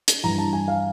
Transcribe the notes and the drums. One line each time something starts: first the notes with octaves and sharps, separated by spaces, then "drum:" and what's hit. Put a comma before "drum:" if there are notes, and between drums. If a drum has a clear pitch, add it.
drum: hi-hat
G2 E3 A#5
A5
G#5
F5